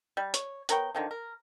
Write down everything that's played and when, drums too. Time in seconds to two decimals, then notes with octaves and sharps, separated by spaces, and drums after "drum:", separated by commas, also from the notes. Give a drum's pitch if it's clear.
0.17 G3
0.34 C#5, drum: hi-hat
0.69 B3 A#4 C#5 G5, drum: hi-hat
0.95 D3 D#3 F3
1.11 A#4